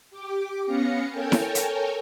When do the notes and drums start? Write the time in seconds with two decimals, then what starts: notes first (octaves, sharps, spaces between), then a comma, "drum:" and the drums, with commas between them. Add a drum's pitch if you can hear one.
0.11 G4 D6
0.65 B3 C#4 F5 A#6 C#7
1.11 A4 A#4 C#5 G5 G#5
1.32 drum: snare E4
1.55 drum: hi-hat